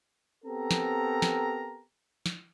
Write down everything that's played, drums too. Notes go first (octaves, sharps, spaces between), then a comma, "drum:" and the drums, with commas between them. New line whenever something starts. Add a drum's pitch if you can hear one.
B3 C4 G4 A4 A#4 A#5
drum: snare
drum: snare
drum: snare